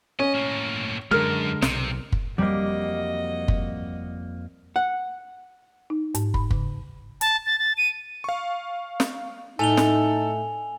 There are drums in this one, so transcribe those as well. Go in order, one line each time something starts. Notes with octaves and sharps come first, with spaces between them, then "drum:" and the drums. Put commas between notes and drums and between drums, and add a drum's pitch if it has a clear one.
C#4 D#5
A2 A#3
F#2 D3 D#3 G#3 A#4 F6
B1 C3, drum: snare
drum: kick
F2 G3 A#3 F#4 D#5
drum: kick
F#5
D#4
G#2, drum: hi-hat
B5, drum: kick
C#3, drum: kick
A5, drum: hi-hat
A6
A6
D#7
F5 C#6
drum: snare
A2 D#4 A4 G#5 F7 G7
drum: snare